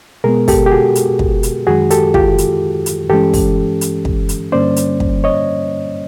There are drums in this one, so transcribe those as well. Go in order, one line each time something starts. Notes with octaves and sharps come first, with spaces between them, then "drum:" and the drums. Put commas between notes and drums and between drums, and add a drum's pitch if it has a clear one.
B2 G#3 B3 G#4 A#4
G4 A4, drum: kick, open hi-hat
G4
F#4 G#4
drum: hi-hat
drum: kick
drum: hi-hat
F#2 D#3 G#3 F#4 G#4
G4 A4, drum: hi-hat
F4 G4, drum: kick
drum: hi-hat
drum: hi-hat
G2 E3 G#3 C#4 G4 A4
drum: kick, open hi-hat
drum: hi-hat
drum: kick
drum: hi-hat
G2 D3 G3 A#3 C#4 C5 D5
drum: hi-hat
drum: kick
C#5 D#5